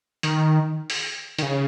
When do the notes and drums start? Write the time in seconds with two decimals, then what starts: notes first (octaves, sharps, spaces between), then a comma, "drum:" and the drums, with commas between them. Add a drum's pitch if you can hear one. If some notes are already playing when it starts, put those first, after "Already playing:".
0.23 D#3, drum: hi-hat
0.90 drum: open hi-hat
1.38 D#3, drum: hi-hat
1.43 C#3